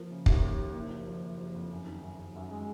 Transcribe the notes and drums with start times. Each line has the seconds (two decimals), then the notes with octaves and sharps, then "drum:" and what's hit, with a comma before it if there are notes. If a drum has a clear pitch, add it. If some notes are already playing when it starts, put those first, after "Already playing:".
Already playing: F3 A#3
0.10 C#3
0.26 D#2, drum: kick
0.42 A#3
0.58 A#3
0.74 F#1
0.90 F3
1.07 F3
1.23 F#1
1.39 F3
1.55 F2
1.71 F#2
1.87 D#3
2.03 F#2
2.19 F#2
2.35 F#2
2.51 G#3